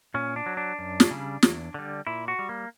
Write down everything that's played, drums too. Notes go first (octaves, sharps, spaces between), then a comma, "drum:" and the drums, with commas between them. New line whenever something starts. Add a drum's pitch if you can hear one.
A#2 C#4
D4
F#3
D4
F#2
drum: snare
C#3 G3
E2, drum: snare
D3 G3
A#2 E4
F#4
G3
A#3